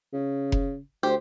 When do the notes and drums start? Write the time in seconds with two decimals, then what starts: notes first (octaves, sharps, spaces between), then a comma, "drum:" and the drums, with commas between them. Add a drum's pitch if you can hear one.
0.13 C#3
0.52 drum: kick F1
1.03 D2 G4 C5